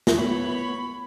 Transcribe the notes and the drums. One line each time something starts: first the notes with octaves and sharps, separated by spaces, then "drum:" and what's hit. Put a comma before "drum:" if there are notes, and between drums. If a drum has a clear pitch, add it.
drum: snare
B3 C#5 B5